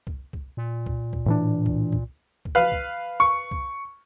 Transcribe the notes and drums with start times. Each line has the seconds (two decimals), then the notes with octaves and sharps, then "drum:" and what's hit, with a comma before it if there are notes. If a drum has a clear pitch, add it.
0.07 drum: kick C2
0.33 drum: kick C2
0.57 A#2
0.86 drum: kick C2
1.13 drum: kick C2
1.26 A2 E3 D4
1.66 drum: kick C2
1.92 drum: kick C2
2.45 drum: kick C2
2.55 B4 F5
2.72 drum: kick C2
3.20 C#6
3.51 drum: kick C2